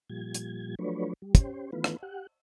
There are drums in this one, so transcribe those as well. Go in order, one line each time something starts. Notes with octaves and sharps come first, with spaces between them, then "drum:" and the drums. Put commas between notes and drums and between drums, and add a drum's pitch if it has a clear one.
A#2 F3 G3 G#6
drum: hi-hat
F3 F#3 A3 D4 B4 C#5
G3
C#4 G4 C5, drum: kick, hi-hat
D#3 E3 A3 B3 F4 B4
drum: rim click
G4 F#5